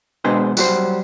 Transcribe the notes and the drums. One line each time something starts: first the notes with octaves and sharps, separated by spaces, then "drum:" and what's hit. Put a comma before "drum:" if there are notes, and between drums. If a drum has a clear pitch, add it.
B2 G#3 D4 G#4 B4 C5
F#3 G3 F#4 G4 C5, drum: tambourine